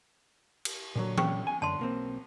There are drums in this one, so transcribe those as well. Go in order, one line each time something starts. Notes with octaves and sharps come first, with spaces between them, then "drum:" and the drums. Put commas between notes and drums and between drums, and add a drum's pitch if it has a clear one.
drum: cymbal
A#2 D3 F#3
C#4 C#6, drum: tom
G#5
F#2 D3 D4 A5 C6
B1 A#3 C4